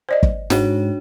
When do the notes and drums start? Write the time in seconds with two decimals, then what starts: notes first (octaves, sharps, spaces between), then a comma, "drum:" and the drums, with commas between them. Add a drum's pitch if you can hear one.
0.09 C5 D5 D#5
0.23 drum: kick
0.50 G#2 D4 F#4 C#5, drum: snare